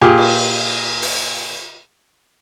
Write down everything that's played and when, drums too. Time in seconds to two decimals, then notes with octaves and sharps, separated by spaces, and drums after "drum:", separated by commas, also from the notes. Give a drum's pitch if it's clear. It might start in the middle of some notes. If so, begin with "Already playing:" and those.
0.01 A#2 G4 G#4
0.18 drum: cymbal
1.02 drum: open hi-hat